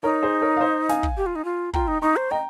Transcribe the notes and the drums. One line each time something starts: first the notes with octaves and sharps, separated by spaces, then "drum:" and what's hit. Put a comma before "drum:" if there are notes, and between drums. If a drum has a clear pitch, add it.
D#4 A#4 C#5
G#4 C5
A#4 C#5
F5
C5 D#5
F5 G#5, drum: snare
drum: kick
G4
F4
D#4
F4
F4 G5 A#5, drum: kick
D#4
D#4 A#5 C#6
C5
D#5 G5 A#5